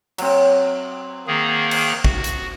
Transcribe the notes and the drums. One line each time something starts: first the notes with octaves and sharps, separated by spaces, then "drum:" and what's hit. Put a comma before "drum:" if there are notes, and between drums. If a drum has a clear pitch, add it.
F#3 C4, drum: cymbal
D#3 A#3 G#4
drum: cymbal
F#4, drum: kick
drum: hi-hat